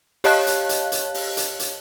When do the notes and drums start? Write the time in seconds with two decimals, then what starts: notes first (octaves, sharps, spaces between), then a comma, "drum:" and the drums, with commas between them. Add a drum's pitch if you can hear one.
0.24 G4 C#5 D#5 F5 A5 F#6, drum: open hi-hat
0.47 drum: hi-hat
0.69 drum: hi-hat
0.92 drum: hi-hat
1.14 drum: open hi-hat
1.37 drum: hi-hat
1.59 drum: hi-hat